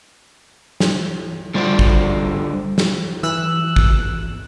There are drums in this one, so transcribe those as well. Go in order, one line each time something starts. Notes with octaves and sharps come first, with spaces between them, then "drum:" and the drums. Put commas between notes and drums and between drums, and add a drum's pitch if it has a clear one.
drum: snare
D3 G3 F4 C5 D5 F#5
drum: kick G#1
drum: snare
E3 E6 F#6
drum: kick G#1